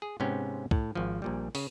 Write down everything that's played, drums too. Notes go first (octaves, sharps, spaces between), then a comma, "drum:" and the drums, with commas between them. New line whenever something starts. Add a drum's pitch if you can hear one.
G#4
G#2 C3 B3 C#4 G5
A2, drum: kick
G#1 F3
A#1 A#2 G3
C#3, drum: open hi-hat